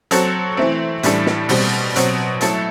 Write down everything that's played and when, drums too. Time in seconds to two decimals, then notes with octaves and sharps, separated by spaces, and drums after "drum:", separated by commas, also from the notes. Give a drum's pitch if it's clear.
0.11 F#3 C4 F#4 A4, drum: hi-hat
0.57 E3 A3 C4
1.03 A2 E3 G3 D4 A4, drum: hi-hat
1.26 drum: snare
1.49 B2 G3 C4, drum: open hi-hat
1.96 B2 F#3 C4, drum: hi-hat
2.41 F#3 A3 E4 A4, drum: hi-hat